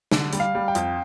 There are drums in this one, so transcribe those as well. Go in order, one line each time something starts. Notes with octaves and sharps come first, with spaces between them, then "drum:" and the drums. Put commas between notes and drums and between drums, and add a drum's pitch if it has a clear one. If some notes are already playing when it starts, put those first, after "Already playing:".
D3, drum: snare
G3, drum: hi-hat
F5
G3
G5
F2, drum: hi-hat